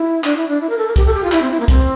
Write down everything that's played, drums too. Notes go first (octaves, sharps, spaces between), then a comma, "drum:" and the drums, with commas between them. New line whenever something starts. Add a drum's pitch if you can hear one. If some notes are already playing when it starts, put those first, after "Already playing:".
Already playing: E4
D4, drum: clap
E4
D4
E4
A#4
A4
A#4
G4, drum: kick, hi-hat
A4
G4
F4
E4, drum: clap
C4
E4
A#3
C4, drum: kick, hi-hat